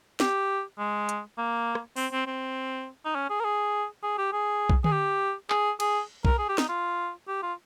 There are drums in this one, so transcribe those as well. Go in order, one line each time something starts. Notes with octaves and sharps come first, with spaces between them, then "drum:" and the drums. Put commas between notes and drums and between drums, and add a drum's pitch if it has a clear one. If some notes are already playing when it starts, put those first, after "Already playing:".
G4, drum: snare
G#3
drum: hi-hat
A#3
drum: rim click
C4, drum: open hi-hat
C4
C4
D#4
C#4
G#4
A#4
G#4
G#4
G4
G#4
drum: kick
G#4, drum: tom D3
G4
G#4, drum: clap
G#4, drum: cymbal
A#4, drum: kick
G#4
G4
D#4, drum: snare
F4
G4
F4